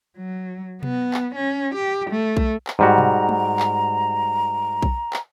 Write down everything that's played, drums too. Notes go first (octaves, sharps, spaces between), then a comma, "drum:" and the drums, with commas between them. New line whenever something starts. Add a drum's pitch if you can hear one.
F#3
B3, drum: tom B2
drum: clap
C#4
G4
A3
drum: kick B1
drum: clap
G#2 G3 F#4 A#5
drum: tom B2
drum: tom G#3
drum: clap
drum: kick B1
drum: clap